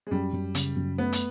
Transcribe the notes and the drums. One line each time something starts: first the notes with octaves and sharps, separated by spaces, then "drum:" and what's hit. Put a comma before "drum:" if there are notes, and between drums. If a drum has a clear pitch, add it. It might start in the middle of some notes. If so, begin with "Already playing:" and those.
G#3
F#2 G3
F#2
C#3, drum: hi-hat
F#2
A3 B3
drum: hi-hat